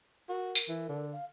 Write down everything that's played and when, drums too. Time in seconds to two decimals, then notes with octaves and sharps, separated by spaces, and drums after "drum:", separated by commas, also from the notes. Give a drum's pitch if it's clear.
0.29 F#4 A#4
0.55 drum: tambourine
0.69 E3
0.89 D3
1.12 F5